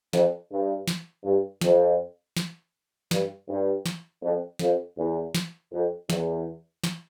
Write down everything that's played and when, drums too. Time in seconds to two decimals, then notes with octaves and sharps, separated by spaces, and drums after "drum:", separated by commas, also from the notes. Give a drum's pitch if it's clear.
0.13 F2, drum: snare
0.50 G2
0.88 drum: snare
1.24 G2
1.61 F2, drum: snare
2.37 drum: snare
3.11 G2, drum: snare
3.48 G2
3.86 drum: snare
4.22 F2
4.59 F2, drum: snare
4.97 E2
5.35 drum: snare
5.72 F2
6.10 E2, drum: snare
6.84 drum: snare